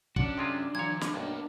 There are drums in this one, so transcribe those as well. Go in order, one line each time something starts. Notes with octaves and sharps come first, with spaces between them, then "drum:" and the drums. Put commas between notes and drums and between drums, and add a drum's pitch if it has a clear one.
C#4 D4 F#4 F#5, drum: kick
C3 G#3 F4
A#2 E3 F#3 C#5 G#6
drum: snare
B1 G2 A#3 B3